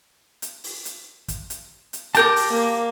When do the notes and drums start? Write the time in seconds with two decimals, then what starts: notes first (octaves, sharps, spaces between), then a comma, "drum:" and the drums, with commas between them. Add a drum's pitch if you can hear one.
0.42 drum: hi-hat
0.64 drum: open hi-hat
0.85 drum: hi-hat
1.28 drum: kick, hi-hat
1.50 drum: hi-hat
1.93 drum: hi-hat
2.15 G4 A#4 A5 D6 G6, drum: hi-hat
2.36 drum: open hi-hat
2.50 A#3